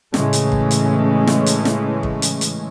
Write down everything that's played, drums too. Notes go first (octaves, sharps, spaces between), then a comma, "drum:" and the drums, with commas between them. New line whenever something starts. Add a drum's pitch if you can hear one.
A2 C#3 E3 G#3 A3 C#4, drum: snare
drum: hi-hat
drum: kick G1
drum: hi-hat
drum: snare
drum: hi-hat
drum: snare
drum: kick G1
drum: hi-hat
drum: hi-hat